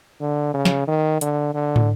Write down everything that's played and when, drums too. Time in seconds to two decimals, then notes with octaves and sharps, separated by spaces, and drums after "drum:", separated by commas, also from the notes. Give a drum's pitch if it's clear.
0.21 D3
0.54 C#3
0.65 drum: snare
0.88 D#3
1.21 D3, drum: hi-hat
1.54 D3
1.76 drum: tom